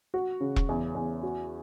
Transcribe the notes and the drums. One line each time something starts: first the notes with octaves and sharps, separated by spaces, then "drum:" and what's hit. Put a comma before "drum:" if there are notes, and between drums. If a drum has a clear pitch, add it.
F#4
C#3
drum: kick E1
E2
E2
F#4